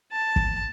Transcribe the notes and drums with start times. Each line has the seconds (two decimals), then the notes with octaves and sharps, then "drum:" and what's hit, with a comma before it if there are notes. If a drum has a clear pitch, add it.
0.12 A5
0.36 drum: kick